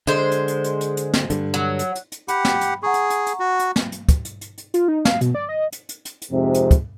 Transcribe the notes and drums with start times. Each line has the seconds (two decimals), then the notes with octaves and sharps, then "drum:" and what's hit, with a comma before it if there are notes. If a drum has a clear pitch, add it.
0.07 D3 G#3 C5
0.32 drum: hi-hat
0.48 drum: hi-hat
0.64 drum: hi-hat
0.81 drum: hi-hat
0.97 drum: hi-hat
1.13 drum: snare
1.30 G2 D3, drum: hi-hat
1.54 F#3
1.79 drum: hi-hat
1.95 drum: hi-hat
2.12 drum: hi-hat
2.28 G4 F#5 G5 B5, drum: hi-hat
2.45 drum: snare
2.61 drum: hi-hat
2.83 G#4 F#5 A#5 C#6
2.94 drum: hi-hat
3.10 drum: hi-hat
3.27 drum: hi-hat
3.40 F#4
3.59 drum: hi-hat
3.76 drum: snare
3.92 drum: hi-hat
4.09 drum: kick, hi-hat
4.25 drum: hi-hat
4.41 drum: hi-hat
4.58 drum: hi-hat
4.74 F4, drum: hi-hat
4.88 D#4
5.05 F5, drum: snare
5.21 B2, drum: hi-hat
5.35 D5
5.49 D#5
5.72 drum: hi-hat
5.89 drum: hi-hat
6.05 drum: hi-hat
6.22 drum: hi-hat
6.32 F2 G#2 C3
6.54 drum: hi-hat
6.71 drum: kick, hi-hat